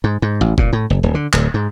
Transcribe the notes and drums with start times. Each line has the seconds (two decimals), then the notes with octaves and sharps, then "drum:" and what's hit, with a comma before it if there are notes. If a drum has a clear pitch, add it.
0.04 G#2
0.22 G#2
0.41 A1
0.58 A#2, drum: kick
0.73 A2
0.90 F#1
1.03 D1
1.15 D3
1.33 D1, drum: clap
1.54 G#2